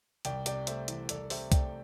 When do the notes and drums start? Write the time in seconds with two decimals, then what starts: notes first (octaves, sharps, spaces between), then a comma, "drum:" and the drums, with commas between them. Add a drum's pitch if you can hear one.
0.25 C2 D5 G5, drum: hi-hat
0.46 C3 D5 G5, drum: hi-hat
0.67 A3 C5 E5, drum: hi-hat
0.88 E3, drum: hi-hat
1.09 C2 A4 D5, drum: hi-hat
1.30 C3 C5 E5, drum: open hi-hat
1.52 A3 D5 G5, drum: kick C2, hi-hat